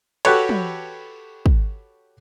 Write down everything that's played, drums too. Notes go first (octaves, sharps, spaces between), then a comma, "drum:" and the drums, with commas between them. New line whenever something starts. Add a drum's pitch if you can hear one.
F#4 G4 A4 B4 C#5, drum: cymbal
drum: tom
drum: kick